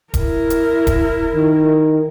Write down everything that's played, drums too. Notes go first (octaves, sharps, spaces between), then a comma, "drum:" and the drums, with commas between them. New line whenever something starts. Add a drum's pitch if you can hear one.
E4 A#4, drum: kick D#1, hi-hat
drum: hi-hat
drum: kick D#1, hi-hat
D#3